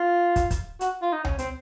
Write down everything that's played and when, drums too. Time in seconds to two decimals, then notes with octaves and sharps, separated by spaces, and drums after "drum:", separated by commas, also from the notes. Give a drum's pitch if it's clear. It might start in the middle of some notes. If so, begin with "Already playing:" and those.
Already playing: F4
0.36 drum: kick, hi-hat
0.51 drum: kick, hi-hat
0.81 F#4, drum: hi-hat
1.02 F4
1.13 D#4
1.25 C#4, drum: tom C#2
1.38 C4, drum: hi-hat